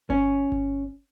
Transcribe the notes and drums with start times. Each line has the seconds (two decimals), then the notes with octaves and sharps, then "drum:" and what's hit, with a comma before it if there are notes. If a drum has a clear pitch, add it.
0.10 C#4, drum: kick G1
0.52 drum: kick G1